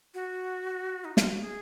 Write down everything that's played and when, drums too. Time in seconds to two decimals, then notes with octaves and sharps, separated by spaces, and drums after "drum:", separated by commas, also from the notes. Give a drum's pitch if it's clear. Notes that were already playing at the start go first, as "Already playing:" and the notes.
0.14 F#4
1.04 D#4
1.17 F4, drum: snare
1.28 F#4
1.41 G#4